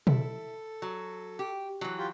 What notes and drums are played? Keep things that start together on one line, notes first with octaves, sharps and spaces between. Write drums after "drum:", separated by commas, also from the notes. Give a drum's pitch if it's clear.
E4 A4, drum: tom B2
F#3
G4
E3 F#3
F4 G4